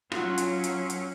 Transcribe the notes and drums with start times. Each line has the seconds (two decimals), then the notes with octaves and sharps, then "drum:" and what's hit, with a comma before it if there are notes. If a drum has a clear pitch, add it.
0.12 F#3 C#4 F4 F#5, drum: rim click
0.38 drum: hi-hat
0.64 drum: hi-hat
0.90 drum: hi-hat